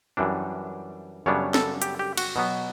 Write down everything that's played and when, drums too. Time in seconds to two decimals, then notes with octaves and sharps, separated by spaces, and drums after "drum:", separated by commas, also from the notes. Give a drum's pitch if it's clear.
0.17 F#2 E3 G3 D4
1.26 F#2 C#3 G3 B3 D4 C#5
1.54 A4, drum: snare
1.82 G4, drum: hi-hat
1.99 G4
2.17 F#4, drum: cymbal
2.36 B2 F#3 B3